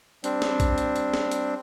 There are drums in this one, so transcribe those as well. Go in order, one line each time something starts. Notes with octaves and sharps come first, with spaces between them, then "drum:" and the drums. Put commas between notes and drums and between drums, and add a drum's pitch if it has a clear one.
G3 C4 D4, drum: hi-hat
drum: snare
drum: kick A#1, hi-hat
drum: hi-hat
drum: hi-hat
drum: snare
drum: hi-hat